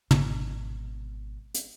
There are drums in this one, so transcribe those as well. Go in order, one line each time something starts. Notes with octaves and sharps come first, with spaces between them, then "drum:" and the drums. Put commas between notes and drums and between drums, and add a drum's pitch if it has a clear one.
G#1 B2, drum: tom
drum: hi-hat